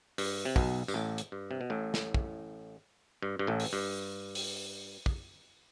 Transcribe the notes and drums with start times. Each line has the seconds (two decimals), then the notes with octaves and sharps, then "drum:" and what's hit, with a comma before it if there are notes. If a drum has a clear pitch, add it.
0.18 G2, drum: open hi-hat
0.45 C3
0.56 B1 B2, drum: kick
0.88 G2, drum: tambourine
0.94 A1 A2
1.18 drum: hi-hat
1.32 G2
1.51 C3
1.61 B2
1.70 A1 A2
1.94 drum: snare
2.14 drum: kick
3.22 G2
3.39 G2
3.47 A1 A2
3.60 drum: open hi-hat
3.73 G2
4.35 drum: open hi-hat
5.06 drum: kick